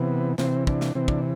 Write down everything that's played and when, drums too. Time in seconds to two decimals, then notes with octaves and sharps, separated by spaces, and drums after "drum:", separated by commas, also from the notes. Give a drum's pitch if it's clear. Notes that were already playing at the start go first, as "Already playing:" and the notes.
Already playing: C3 E3 B3
0.38 C3 E3 C4, drum: snare
0.67 D4, drum: kick
0.81 drum: snare
0.95 C3 E3 C4
1.08 D4, drum: kick